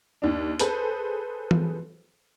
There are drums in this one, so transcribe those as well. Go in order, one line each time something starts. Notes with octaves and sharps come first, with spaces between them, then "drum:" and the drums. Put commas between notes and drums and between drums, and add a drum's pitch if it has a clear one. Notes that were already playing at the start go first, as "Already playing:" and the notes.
D#2 D4
G#4 A4 B4 C5, drum: hi-hat
drum: tom E3